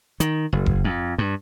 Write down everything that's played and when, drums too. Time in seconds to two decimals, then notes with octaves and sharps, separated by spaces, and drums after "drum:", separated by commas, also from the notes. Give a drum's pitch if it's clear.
0.20 D#3, drum: hi-hat
0.53 F#1
0.66 drum: kick E1
0.84 F2
1.18 G2